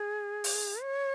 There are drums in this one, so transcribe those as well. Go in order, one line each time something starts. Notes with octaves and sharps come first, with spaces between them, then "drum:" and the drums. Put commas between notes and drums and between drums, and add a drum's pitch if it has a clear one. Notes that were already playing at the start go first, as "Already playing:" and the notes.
Already playing: G#4
drum: open hi-hat
C#5